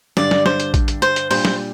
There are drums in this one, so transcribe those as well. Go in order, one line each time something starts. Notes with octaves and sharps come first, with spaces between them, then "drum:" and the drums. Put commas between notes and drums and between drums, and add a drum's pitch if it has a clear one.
G2 D3 G3 D4 D5, drum: snare
drum: snare
C5, drum: snare
drum: hi-hat
drum: kick A1, hi-hat
drum: hi-hat
C5, drum: hi-hat
drum: hi-hat
A#2 G3 D4 G4 C5, drum: open hi-hat
drum: snare